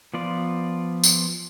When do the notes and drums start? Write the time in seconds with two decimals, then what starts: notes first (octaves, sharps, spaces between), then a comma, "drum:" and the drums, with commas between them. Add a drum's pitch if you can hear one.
0.14 F3 B3 F4 D5
1.04 drum: tambourine